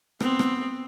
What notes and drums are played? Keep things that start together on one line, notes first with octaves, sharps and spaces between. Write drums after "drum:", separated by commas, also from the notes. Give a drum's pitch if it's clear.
B3 C4, drum: rim click
drum: rim click